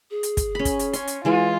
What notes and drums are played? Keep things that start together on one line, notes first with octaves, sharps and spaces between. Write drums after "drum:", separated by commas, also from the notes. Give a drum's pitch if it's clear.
G#4
drum: hi-hat
drum: kick, hi-hat
C#4 B5
drum: kick, hi-hat
drum: hi-hat
C#4 C6, drum: hi-hat
drum: hi-hat
E3 G#3 F4 B4